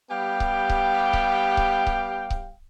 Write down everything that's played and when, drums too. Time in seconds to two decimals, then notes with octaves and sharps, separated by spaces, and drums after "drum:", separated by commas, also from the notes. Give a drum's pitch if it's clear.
0.11 G3 B3 G4 F5 G5
0.40 drum: kick C#1
0.69 drum: kick C#1
1.13 drum: kick C#1
1.57 drum: kick C#1
1.87 drum: kick C#1
2.30 drum: kick C#1